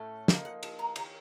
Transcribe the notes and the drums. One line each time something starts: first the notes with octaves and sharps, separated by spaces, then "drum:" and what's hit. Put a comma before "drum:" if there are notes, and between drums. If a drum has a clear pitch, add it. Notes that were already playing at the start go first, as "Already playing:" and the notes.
Already playing: A2 A3 C#4
F3 A#3 D#4 A5, drum: snare
F#5
A5, drum: cymbal
A#5
D#3 A#3 C#4 A#5, drum: cymbal